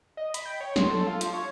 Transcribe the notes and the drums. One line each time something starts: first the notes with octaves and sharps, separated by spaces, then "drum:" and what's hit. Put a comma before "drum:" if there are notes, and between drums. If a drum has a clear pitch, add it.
D#5
B5, drum: hi-hat
G5
C#5
C6, drum: snare
A4
F4
F3, drum: hi-hat
C#5